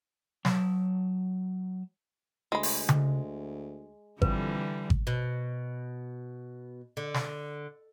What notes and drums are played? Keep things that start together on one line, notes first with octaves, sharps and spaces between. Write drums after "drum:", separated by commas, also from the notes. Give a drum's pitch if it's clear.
F#3 A5, drum: snare
D2 G#3 B5
drum: open hi-hat
drum: tom C#3
F2 D3 E3 G3 B4, drum: kick G#1
drum: kick G#1
B2
D3
drum: snare